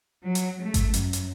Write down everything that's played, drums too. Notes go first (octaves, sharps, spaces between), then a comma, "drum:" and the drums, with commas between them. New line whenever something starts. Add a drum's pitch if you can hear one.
F#3
drum: hi-hat
A3
drum: kick G#1, hi-hat
F#2, drum: hi-hat
drum: hi-hat